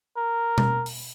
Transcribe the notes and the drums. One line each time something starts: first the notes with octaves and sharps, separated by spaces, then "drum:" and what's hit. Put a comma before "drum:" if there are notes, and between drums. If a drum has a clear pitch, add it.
A#4
drum: tom B2
drum: open hi-hat